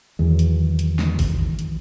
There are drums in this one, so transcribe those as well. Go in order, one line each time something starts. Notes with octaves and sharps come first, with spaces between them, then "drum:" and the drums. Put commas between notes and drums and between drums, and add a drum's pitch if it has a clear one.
E2 D#3 E3 F#3
drum: hi-hat
drum: hi-hat
drum: snare
drum: kick, open hi-hat
drum: hi-hat